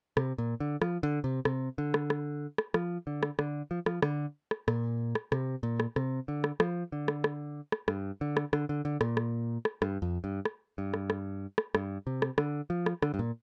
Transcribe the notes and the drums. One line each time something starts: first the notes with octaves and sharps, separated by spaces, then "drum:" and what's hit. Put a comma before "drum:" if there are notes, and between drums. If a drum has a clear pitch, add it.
C3, drum: rim click
A#2
D3
F3, drum: rim click
D3
C3
C3, drum: rim click
D3
drum: rim click
drum: rim click
drum: rim click
F3, drum: rim click
D3
drum: rim click
D3, drum: rim click
F3
F3, drum: rim click
D3, drum: rim click
drum: rim click
A#2, drum: rim click
drum: rim click
C3, drum: rim click
A#2
drum: rim click
C3, drum: rim click
D3
drum: rim click
F3, drum: rim click
D3
drum: rim click
drum: rim click
drum: rim click
G2, drum: rim click
D3
drum: rim click
D3, drum: rim click
D3
D3
A#2, drum: rim click
drum: rim click
drum: rim click
G2, drum: rim click
F2
G2
drum: rim click
G2
drum: rim click
drum: rim click
drum: rim click
G2, drum: rim click
C3
drum: rim click
D3, drum: rim click
F3
drum: rim click
D3, drum: rim click
G2
A#2